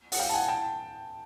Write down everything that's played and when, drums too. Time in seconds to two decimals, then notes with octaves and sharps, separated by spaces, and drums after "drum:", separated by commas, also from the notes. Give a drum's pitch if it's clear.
0.12 F#5, drum: open hi-hat
0.19 F5 G5
0.29 A5
0.34 F#5 G#5
0.48 G5 A5